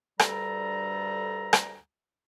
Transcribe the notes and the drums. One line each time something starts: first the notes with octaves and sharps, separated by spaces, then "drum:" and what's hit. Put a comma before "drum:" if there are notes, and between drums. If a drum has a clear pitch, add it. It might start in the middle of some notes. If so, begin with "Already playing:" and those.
D2 G2 G3 A4 A#5, drum: rim click
drum: rim click